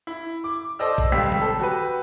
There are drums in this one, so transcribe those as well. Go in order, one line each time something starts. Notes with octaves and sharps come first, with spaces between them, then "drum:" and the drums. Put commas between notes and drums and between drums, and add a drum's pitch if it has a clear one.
E4
D6
A4 C5 D5 D#5 E6
drum: kick A1
D#1 C#2 G3 C4 E6 B6
drum: tom D#3
A4
F#4 G4 B4